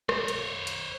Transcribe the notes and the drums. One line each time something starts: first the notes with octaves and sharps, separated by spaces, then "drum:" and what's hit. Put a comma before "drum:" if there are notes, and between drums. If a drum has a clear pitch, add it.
C5 C#5, drum: rim click
drum: hi-hat
drum: hi-hat